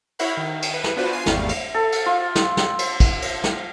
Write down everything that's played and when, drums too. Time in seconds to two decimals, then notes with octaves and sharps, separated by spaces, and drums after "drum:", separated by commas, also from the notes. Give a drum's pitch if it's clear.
0.19 E4 C#5 E5 F#5 B5, drum: cymbal
0.37 D#3
0.62 drum: cymbal
0.74 B4
0.84 drum: snare
0.96 B3 D4 F4 F#4 B4 C5
1.12 F4 G#5 C7 D#7
1.26 G#1 E2 G3 A3 F5, drum: snare
1.49 drum: cymbal
1.74 A4
1.92 drum: cymbal
2.06 F4
2.35 drum: snare
2.57 drum: snare
2.79 drum: cymbal
3.00 drum: kick, cymbal
3.22 drum: cymbal
3.44 drum: snare